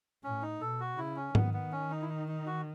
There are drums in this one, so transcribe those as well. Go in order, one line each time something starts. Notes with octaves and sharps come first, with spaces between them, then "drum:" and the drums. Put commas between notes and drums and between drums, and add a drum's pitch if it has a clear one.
A2 C#4
D#4
B2 A4
F#4
C#3 E4
C#4
D#3 B3, drum: tom G#2
B3
C#4
D#4
E4
D#4
D#4
F#4